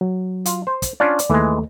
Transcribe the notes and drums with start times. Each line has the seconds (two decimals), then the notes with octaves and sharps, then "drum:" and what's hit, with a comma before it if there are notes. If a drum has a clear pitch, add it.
0.01 F#3
0.45 F4, drum: hi-hat
0.67 C5
0.82 drum: kick, hi-hat
1.00 C#4 D4 F4 D5
1.19 drum: hi-hat
1.30 D#2 E3 G#3 A3